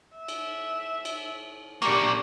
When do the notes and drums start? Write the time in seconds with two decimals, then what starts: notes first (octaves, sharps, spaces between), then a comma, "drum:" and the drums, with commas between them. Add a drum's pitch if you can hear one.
0.17 E5
0.28 drum: cymbal
1.05 drum: cymbal
1.82 A#3 D4 G4 C#6, drum: cymbal